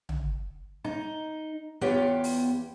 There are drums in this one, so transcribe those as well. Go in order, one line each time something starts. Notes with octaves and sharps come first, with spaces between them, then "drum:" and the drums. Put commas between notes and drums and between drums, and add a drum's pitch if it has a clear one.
drum: tom
D#4, drum: rim click
E2 B3 F4 G4 C#5 G5
drum: open hi-hat